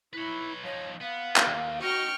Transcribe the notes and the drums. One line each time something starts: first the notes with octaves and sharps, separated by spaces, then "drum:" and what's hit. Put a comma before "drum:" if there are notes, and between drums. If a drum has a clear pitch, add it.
E4 B4 C#5
F3 D#4 C#5
B3 F5
drum: clap
D#2 D#3
D#4 F#4 D#5 G5 C#6 F6